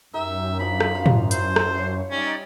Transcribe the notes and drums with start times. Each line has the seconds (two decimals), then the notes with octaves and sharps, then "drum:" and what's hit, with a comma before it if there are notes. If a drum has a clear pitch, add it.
0.14 F#2 D#4 G4 A#4 E5
0.59 F3 D4 D#4 B5
0.80 drum: rim click
0.91 C5 F5
1.06 drum: tom
1.31 E4 C5, drum: hi-hat
1.56 drum: rim click
1.78 C#5
2.11 G3 C#4 D#4 D5 E5